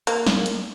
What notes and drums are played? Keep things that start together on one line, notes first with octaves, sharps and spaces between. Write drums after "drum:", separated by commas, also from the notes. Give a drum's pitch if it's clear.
A#3, drum: hi-hat
drum: snare
drum: hi-hat